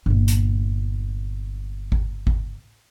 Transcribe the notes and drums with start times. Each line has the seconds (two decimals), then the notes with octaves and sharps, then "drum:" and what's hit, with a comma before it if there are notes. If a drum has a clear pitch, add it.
0.06 G1 A#2
0.28 drum: hi-hat
1.92 drum: kick G#1
2.27 drum: kick G#1